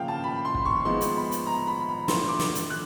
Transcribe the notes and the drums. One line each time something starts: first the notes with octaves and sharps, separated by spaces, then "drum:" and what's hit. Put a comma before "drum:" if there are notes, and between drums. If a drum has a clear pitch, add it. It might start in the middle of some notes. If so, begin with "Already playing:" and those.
Already playing: C#3 F3 A#3 F5 G5
A5
B5
C6
drum: kick
C#6
F3 G#3 B3 D#4 C6
drum: hi-hat
B5
drum: hi-hat
A#5
B5
B5
F3 A3 D4 C6, drum: snare
D6
drum: snare
drum: hi-hat
F#6